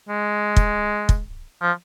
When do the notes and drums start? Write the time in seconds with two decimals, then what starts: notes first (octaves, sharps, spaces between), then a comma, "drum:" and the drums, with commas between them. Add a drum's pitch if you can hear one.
0.08 G#3
0.56 drum: kick
1.09 drum: kick
1.61 F3